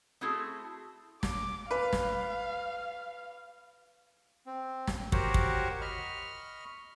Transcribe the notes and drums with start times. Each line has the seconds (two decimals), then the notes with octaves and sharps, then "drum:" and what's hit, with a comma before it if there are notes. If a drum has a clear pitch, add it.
0.21 A3 C4 E4 F#4 G#4 A4
1.23 D6, drum: snare
1.71 B4 F5
1.93 drum: snare
4.46 C4
4.87 drum: snare
5.12 F#4 G4 A#4 C5 C#5 F#5, drum: kick
5.34 drum: kick
5.81 D#5 B5 C#6 F6